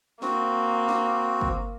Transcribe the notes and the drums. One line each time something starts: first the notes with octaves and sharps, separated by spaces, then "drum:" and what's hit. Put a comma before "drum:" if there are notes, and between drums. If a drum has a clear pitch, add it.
A#3 C4 F#4, drum: snare
drum: snare
drum: kick